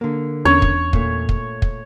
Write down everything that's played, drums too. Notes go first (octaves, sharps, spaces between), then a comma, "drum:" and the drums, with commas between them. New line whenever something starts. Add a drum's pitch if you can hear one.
D3 A#3
E2 C#4 D4 C#5
drum: kick
A#2 A3, drum: kick
drum: kick
drum: kick